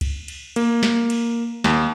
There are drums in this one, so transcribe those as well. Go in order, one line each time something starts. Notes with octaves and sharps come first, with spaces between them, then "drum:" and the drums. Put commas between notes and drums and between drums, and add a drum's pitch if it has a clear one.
drum: kick, cymbal
drum: cymbal
A#3, drum: cymbal
drum: snare
drum: cymbal
D#2, drum: snare